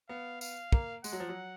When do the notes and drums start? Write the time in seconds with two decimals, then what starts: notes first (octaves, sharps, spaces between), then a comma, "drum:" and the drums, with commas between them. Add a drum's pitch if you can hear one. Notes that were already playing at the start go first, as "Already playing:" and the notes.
0.09 B3 F5
0.41 F5, drum: tambourine
0.72 A#3, drum: kick
1.04 G#3 F#5, drum: tambourine
1.13 F#3
1.20 F3
1.29 F#3